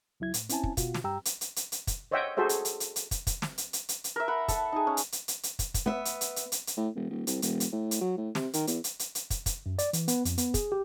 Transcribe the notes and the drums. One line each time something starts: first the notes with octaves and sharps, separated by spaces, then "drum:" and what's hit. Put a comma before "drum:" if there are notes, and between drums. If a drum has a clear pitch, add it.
C#2 F#3 E4 G#6
A2, drum: hi-hat
C4 C#4 E4 G#5 A5, drum: hi-hat
drum: kick
B2 F4 F#4, drum: kick, hi-hat
drum: snare
G2 G4 G5 A#5 E6
drum: hi-hat
drum: hi-hat
drum: hi-hat
drum: hi-hat
drum: kick, hi-hat
C5 C#5 D#5 E5 F#5 G5
F#4 G#4 A4 C5 E5
drum: hi-hat
drum: hi-hat
drum: hi-hat
drum: hi-hat
drum: kick, hi-hat
drum: kick, hi-hat
drum: snare
drum: hi-hat
drum: hi-hat
drum: hi-hat
drum: hi-hat
A#4 E5
F#5 B5
A4 A5, drum: kick, hi-hat
D#4 G#4
C#4
drum: hi-hat
drum: hi-hat
drum: hi-hat
drum: hi-hat
drum: kick, hi-hat
drum: kick, hi-hat
B3 E5
drum: hi-hat
drum: hi-hat
drum: hi-hat
drum: hi-hat
drum: hi-hat
A2
E1
D#1
C2, drum: hi-hat
E1, drum: hi-hat
drum: hi-hat
A2
drum: hi-hat
F#3
A2
C3, drum: snare
D#3, drum: hi-hat
E2, drum: hi-hat
drum: hi-hat
drum: hi-hat
drum: hi-hat
drum: kick, hi-hat
drum: kick, hi-hat
F#2
D5, drum: hi-hat
E3, drum: hi-hat
B3, drum: hi-hat
F2, drum: hi-hat
B3, drum: hi-hat
G#4, drum: kick, hi-hat
G4